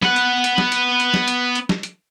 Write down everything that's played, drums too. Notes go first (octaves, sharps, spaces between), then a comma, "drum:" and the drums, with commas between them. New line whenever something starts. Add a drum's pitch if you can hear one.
B3 F#5, drum: snare
drum: hi-hat
drum: hi-hat
drum: snare
drum: hi-hat
drum: hi-hat
drum: snare
drum: hi-hat
drum: hi-hat
drum: snare
drum: hi-hat